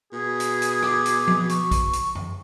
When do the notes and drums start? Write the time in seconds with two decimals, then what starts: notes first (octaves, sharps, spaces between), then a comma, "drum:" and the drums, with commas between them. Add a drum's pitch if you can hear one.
0.13 B2 G#4
0.40 drum: hi-hat
0.62 drum: hi-hat
0.83 D6, drum: rim click
1.06 drum: hi-hat
1.28 drum: tom F3
1.49 C#6, drum: hi-hat
1.71 drum: kick A#1, hi-hat
1.93 drum: hi-hat
2.15 drum: tom F#2